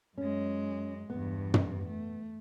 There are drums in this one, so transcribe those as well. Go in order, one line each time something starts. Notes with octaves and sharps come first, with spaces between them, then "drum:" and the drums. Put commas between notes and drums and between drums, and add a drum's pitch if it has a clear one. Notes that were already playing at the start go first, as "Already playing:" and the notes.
F#2 G#3 C#4
E2 G2 B3
drum: tom
A3